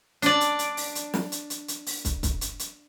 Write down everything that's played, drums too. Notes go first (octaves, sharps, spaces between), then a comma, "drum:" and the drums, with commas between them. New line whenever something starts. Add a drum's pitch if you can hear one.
D4 D5, drum: hi-hat
drum: hi-hat
drum: hi-hat
drum: open hi-hat
drum: hi-hat
drum: snare
drum: hi-hat
drum: hi-hat
drum: hi-hat
drum: open hi-hat
drum: kick, hi-hat
drum: kick, hi-hat
drum: hi-hat
drum: hi-hat